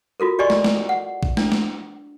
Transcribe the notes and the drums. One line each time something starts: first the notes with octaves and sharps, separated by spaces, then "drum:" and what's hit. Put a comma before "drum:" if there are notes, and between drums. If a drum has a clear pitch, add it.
F4 F#4 A4 A#4
G4 D5 D#5 G#5 C#6
drum: snare
drum: snare
F#5
drum: kick A#1
D4, drum: snare
drum: snare